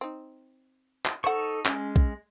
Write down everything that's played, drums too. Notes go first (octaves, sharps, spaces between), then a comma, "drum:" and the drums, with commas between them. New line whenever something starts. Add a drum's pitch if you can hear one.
C4 D#4
drum: clap
D#4 A4 C5 F#5 A5 C#6
G#3 C#4, drum: clap
drum: kick